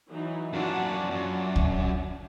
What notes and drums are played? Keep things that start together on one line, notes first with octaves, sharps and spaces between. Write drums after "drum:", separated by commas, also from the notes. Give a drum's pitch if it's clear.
E3 F#3 D#4
F#2 A#3 D4 F4 F#4 D5 F#5
F#2 D4
drum: kick C#2